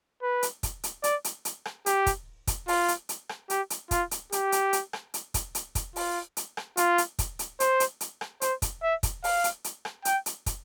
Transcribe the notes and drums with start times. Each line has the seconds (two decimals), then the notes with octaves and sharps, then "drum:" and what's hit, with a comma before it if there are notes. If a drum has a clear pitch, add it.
0.22 B4
0.43 drum: hi-hat
0.63 drum: kick, hi-hat
0.84 drum: hi-hat
1.04 D5, drum: hi-hat
1.24 drum: hi-hat
1.45 drum: hi-hat
1.65 drum: rim click
1.86 G4, drum: hi-hat
2.06 drum: kick, hi-hat
2.47 drum: kick, hi-hat
2.68 F4, drum: open hi-hat
2.88 drum: hi-hat
3.09 drum: hi-hat
3.29 drum: rim click
3.50 G4, drum: hi-hat
3.70 drum: hi-hat
3.91 F4, drum: kick, hi-hat
4.11 drum: hi-hat
4.32 G4, drum: hi-hat
4.52 drum: hi-hat
4.73 drum: hi-hat
4.93 drum: rim click
5.14 drum: hi-hat
5.34 drum: kick, hi-hat
5.55 drum: hi-hat
5.75 drum: kick, hi-hat
5.96 F4, drum: open hi-hat
6.37 drum: hi-hat
6.57 drum: rim click
6.77 F4, drum: hi-hat
6.98 drum: hi-hat
7.19 drum: kick, hi-hat
7.39 drum: hi-hat
7.60 C5, drum: hi-hat
7.80 drum: hi-hat
8.01 drum: hi-hat
8.21 drum: rim click
8.41 C5, drum: hi-hat
8.62 drum: kick, hi-hat
8.82 E5
9.03 drum: kick, hi-hat
9.24 F5, drum: open hi-hat
9.44 drum: hi-hat
9.64 drum: hi-hat
9.85 drum: rim click
10.05 G5, drum: hi-hat
10.26 drum: hi-hat
10.46 drum: kick, hi-hat